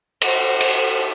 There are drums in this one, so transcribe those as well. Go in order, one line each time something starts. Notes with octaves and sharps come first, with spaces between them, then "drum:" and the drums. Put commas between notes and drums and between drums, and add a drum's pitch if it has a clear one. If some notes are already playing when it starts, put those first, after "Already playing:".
F#4 C5, drum: cymbal
drum: cymbal